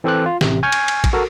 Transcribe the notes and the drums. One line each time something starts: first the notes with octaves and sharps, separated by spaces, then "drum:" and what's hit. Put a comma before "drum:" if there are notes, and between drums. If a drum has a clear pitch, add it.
E3 C4 A4 C5 D6 F#6
F4
A1 C3, drum: snare
G#5 C#6 F6 G6 G#6
drum: cymbal
drum: cymbal
drum: kick, cymbal
F#4 A4 A#4